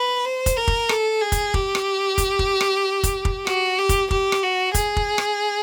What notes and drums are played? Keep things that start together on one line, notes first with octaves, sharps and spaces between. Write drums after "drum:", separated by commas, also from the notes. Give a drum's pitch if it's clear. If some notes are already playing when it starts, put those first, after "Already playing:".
Already playing: B4
C5
drum: kick, hi-hat
A#4
drum: kick
A4, drum: rim click
G#4
drum: kick, hi-hat
G4, drum: kick
drum: rim click
drum: kick, hi-hat
drum: kick
drum: rim click
drum: kick, hi-hat
drum: kick
F#4, drum: rim click
G4
drum: kick, hi-hat
G4, drum: kick
drum: rim click
F#4
G#4, drum: kick, hi-hat
drum: kick
drum: rim click